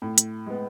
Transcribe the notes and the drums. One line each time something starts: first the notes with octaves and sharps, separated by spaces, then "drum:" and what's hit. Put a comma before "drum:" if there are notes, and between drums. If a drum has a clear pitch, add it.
A2
drum: hi-hat
G#3 B3